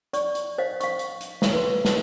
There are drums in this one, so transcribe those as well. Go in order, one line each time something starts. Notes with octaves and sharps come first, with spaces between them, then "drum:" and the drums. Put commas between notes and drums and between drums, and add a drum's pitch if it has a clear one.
D5 C#6, drum: hi-hat
drum: hi-hat
C5 D#5 F5
F5 C#6, drum: hi-hat
drum: hi-hat
drum: hi-hat
drum: snare
B4 C6
drum: snare